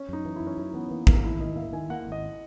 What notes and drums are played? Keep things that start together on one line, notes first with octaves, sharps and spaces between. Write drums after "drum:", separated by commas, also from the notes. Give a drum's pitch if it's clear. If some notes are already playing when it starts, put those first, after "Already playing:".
Already playing: C#4
F#2 D#4
E3
F#2 E4
C#4
F#2 D#4
E3 B3
E3 A#3
E3 A#3, drum: kick
D#3 E4
D#3 D#5
A#3 E5
D#3 G#5
A#3 F#5
G#1
D#5